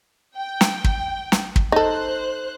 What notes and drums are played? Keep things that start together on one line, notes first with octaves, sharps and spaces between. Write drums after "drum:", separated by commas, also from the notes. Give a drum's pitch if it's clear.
G5
drum: snare
drum: kick
drum: snare
drum: kick
D#4 A4 C5 F#6